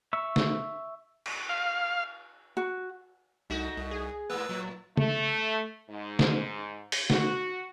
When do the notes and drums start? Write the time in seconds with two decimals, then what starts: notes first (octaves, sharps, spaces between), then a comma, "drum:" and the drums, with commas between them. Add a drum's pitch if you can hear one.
0.13 E5 C#6 E6
0.36 drum: snare
1.26 drum: cymbal
1.49 F5
2.57 F#4
3.50 C2 A3 D#4 F#4
3.78 C2
3.91 G#4
4.30 G#2 A#3 B4 E6
4.49 A2 F#3
4.97 A3, drum: tom
5.90 G#2
6.19 drum: snare
6.92 drum: open hi-hat
7.10 F#4, drum: snare